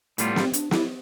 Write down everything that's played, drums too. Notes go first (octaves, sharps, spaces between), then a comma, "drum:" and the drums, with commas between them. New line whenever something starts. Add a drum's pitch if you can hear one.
A2 G3 A3 B3 F4, drum: hi-hat
C4, drum: snare
D4, drum: hi-hat
E4, drum: snare